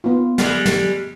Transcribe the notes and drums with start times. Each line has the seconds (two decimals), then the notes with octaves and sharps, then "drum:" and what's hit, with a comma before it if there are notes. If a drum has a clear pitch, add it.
0.04 B3 D#4 F4
0.38 G3 G#3, drum: snare
0.66 drum: snare